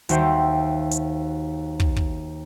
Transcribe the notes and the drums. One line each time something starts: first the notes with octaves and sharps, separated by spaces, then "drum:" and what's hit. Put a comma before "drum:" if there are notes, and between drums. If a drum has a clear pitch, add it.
D#2 F#4 C5 E5 G5, drum: hi-hat
drum: hi-hat
drum: kick
drum: kick